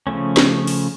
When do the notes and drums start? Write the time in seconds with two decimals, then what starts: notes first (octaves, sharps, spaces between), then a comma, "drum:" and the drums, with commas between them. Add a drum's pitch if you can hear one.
0.07 C#3 F3 A3 C#4
0.37 drum: snare
0.67 drum: open hi-hat